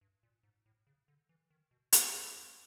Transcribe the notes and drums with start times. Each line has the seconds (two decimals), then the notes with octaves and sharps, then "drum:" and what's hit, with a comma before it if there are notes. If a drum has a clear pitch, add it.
0.01 G2
0.23 A#2
0.43 G#2
0.66 A2
0.87 C#3
1.08 D3
1.29 E3
1.50 D#3
1.71 B2
1.93 F2, drum: hi-hat
2.14 F#2
2.35 F2